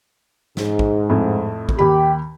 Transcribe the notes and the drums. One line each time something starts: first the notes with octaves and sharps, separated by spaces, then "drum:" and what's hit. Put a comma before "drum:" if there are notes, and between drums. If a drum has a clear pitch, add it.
G#2, drum: snare
drum: kick
F2 A2
drum: kick
D#2 G4 B5